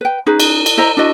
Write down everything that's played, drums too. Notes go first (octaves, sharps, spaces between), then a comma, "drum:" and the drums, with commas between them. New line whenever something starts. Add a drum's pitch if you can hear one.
B4 G5
C#4 D#4 G#4 B4
drum: cymbal
drum: cymbal
E4 C5 D#5 A#5
D4 E4 F#4 D#5